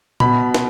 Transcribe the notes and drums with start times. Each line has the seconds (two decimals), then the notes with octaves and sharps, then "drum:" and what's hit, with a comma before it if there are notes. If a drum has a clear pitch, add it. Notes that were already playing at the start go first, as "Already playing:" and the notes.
0.20 B2 B5, drum: tom A#2
0.54 drum: snare